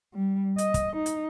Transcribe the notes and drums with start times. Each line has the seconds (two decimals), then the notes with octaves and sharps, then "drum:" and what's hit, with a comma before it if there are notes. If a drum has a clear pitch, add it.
0.14 G3
0.58 D#5, drum: hi-hat
0.74 drum: kick, hi-hat
0.96 D#4
1.06 drum: hi-hat